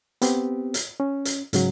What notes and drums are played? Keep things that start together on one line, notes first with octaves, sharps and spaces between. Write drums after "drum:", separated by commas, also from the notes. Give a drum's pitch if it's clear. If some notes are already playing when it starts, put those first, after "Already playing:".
B3 C4 G4, drum: hi-hat
drum: hi-hat
C#4
drum: hi-hat
G#2 C#3 F#3, drum: hi-hat